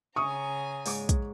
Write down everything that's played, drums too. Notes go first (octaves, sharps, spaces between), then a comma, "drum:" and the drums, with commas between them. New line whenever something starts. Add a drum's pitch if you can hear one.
C#3 G#5 A#5 C#6 D#6
G#2 C#5 D6, drum: open hi-hat
drum: kick, hi-hat